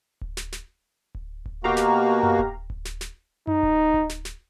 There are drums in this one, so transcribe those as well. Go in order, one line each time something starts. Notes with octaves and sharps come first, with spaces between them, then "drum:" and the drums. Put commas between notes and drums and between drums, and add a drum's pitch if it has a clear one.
drum: kick D1
drum: snare
drum: snare
drum: kick D1
drum: kick D1
B2 A#3 F#4 G4 F5 A#5
drum: snare
drum: tom F#2
drum: kick D1
drum: kick D1
drum: snare
drum: snare
D#4, drum: tom F#2
drum: kick D1
drum: kick D1
drum: snare
drum: snare